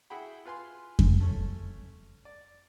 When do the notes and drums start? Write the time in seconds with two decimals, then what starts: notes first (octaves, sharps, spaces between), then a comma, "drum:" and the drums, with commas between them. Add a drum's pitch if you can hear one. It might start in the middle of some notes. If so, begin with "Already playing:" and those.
0.10 E4 F#4 G#4 F#5 G5 B5
0.45 F4 B4 G#5 C6
0.99 drum: kick F2
1.20 A3 C#4
2.25 D5